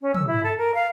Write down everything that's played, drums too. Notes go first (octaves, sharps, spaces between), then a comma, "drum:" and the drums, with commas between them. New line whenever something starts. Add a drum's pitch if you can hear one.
C#4
E6, drum: tom
E4
A4
A#4
F5